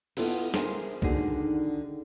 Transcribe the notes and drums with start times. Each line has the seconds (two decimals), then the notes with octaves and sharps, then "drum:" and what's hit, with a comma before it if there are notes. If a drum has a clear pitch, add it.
0.17 B3 E4 F4 A4 B4, drum: cymbal
0.54 G#4 A#4 C5 E5 G#5, drum: snare
1.02 D3 D#3 D4 D#4 F#4 G#4, drum: kick C2